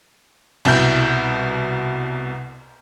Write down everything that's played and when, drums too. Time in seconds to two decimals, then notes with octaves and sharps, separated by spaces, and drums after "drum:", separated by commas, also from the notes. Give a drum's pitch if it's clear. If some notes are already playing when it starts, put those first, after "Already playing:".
0.65 C2 B2 E4 G6, drum: cymbal